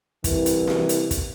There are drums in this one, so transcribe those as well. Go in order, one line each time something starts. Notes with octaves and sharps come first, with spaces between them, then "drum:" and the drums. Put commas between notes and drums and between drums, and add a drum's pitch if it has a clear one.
C2 E3, drum: kick, hi-hat
drum: hi-hat
drum: snare
drum: hi-hat
drum: kick, hi-hat